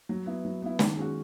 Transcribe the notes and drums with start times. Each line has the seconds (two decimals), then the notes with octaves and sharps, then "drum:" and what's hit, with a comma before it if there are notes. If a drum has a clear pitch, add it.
0.09 F#3
0.26 B3 E4
0.45 F#3
0.62 B3 E4
0.79 D#3, drum: snare
0.97 G#3 C#4 F#4